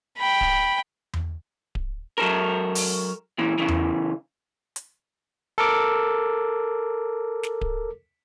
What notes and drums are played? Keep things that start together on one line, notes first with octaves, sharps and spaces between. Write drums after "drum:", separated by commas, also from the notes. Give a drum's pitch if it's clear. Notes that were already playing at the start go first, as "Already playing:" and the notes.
G5 B5
drum: kick D1
drum: tom E2
drum: kick D1
F#3 A4 A#4
drum: open hi-hat
A#2 E3
C#3 E3
drum: tom E2
drum: hi-hat
A4 A#4 D6
drum: snare
drum: kick D1